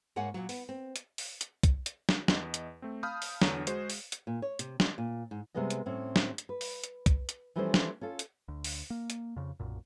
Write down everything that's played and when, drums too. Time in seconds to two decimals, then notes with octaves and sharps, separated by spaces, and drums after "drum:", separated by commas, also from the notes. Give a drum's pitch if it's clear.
0.16 G#2 A#3 C#5 F#5 G#5
0.34 A#2 F#3
0.49 B3, drum: open hi-hat
0.69 C4
0.96 drum: hi-hat
1.18 drum: open hi-hat
1.41 drum: hi-hat
1.63 drum: kick, hi-hat
1.86 drum: hi-hat
2.09 drum: snare
2.28 E2 D#5, drum: snare
2.54 drum: hi-hat
2.82 A3 C4
3.03 F5 A5 B5 D#6 F6 G6
3.22 drum: open hi-hat
3.42 E2 D3 F#3 C#5 A#5 D#7, drum: snare
3.67 G#3 F#4 G#4 C5, drum: hi-hat
3.90 drum: open hi-hat
4.12 drum: hi-hat
4.27 A#2
4.42 C#5
4.59 C3, drum: hi-hat
4.80 D#5, drum: snare
4.98 A#2
5.31 G#2
5.54 C3 G3 G#3 B3 D#5
5.70 drum: hi-hat
5.86 A2 C4 C#4
6.16 drum: snare
6.38 drum: hi-hat
6.49 B4
6.61 drum: open hi-hat
6.84 drum: hi-hat
7.06 drum: kick, hi-hat
7.29 drum: hi-hat
7.56 E3 F3 G3 A3 C#4 C5
7.74 drum: snare
8.01 C#4 F4 A4
8.19 drum: hi-hat
8.48 D2
8.64 drum: open hi-hat
8.90 A#3
9.10 drum: hi-hat
9.36 F2 C#3
9.60 B1 F#2 A#2